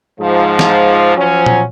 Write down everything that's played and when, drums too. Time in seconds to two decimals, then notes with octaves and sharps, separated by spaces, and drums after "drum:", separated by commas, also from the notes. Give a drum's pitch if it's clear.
0.20 G#2 F3
0.59 drum: snare
1.17 F3 F#3 C#4
1.46 drum: tom A#2